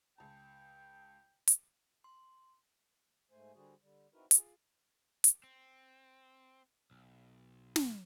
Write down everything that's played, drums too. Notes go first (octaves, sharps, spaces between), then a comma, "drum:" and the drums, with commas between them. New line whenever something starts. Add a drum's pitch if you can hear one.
C#2 G5 A5
drum: hi-hat
C6
G#2 A3 C5 G#5
D3 G3 C4 F#4 G#4
D3 G3
C4 D#4 E4 F#4 A#4 B4
F4 G#4, drum: hi-hat
drum: hi-hat
C4
B1
drum: snare